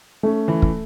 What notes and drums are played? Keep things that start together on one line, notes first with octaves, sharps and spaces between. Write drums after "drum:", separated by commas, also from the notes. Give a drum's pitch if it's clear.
A3 C#4
E3
drum: kick